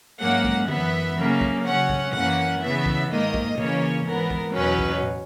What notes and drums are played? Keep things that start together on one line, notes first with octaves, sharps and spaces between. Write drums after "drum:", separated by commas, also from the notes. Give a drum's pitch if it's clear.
G#2 F#3 A#3 C#4 F#5
drum: kick
F#2 E3 B3 E5, drum: tom
C#3 F#3 A#3 C#4
drum: kick
C#3 F#3 C#4 F#5
drum: kick
F#2 E3 A#3 C#4 F#5, drum: tom B2
C#3 E3 B3 E5
drum: kick
G#2 D#3 A#3 D#5
drum: kick
C#3 E3 A#3 C#4 C#5, drum: tom B2
G#2 E3 B3 A#4
drum: kick
E2 B2 F#3 C#4 B4
drum: kick
drum: tom